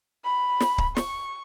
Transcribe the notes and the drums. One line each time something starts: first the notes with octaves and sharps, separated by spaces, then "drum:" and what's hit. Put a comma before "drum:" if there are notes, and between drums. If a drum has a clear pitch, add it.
B5
drum: snare
drum: kick C#1
C#6, drum: snare